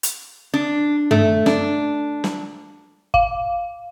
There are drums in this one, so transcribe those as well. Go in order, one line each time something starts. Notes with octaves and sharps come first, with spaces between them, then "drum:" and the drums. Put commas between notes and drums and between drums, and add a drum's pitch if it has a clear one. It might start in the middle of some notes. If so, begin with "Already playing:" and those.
drum: hi-hat
D4
A3, drum: tom G2
D4, drum: snare
drum: snare
F5, drum: kick